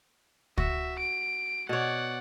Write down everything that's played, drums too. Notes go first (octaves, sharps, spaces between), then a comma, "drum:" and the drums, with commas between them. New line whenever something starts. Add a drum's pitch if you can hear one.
F#4 E5, drum: kick
D7
B2 C#5 D5 F#5